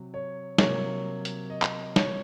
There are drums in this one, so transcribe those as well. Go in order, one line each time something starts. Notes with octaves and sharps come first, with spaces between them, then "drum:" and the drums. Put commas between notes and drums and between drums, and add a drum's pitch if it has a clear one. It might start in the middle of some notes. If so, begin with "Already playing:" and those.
Already playing: C3 F#3
C#5
C3 F#3 A#3 C#5, drum: snare
drum: hi-hat
D#5
drum: clap
C#5, drum: snare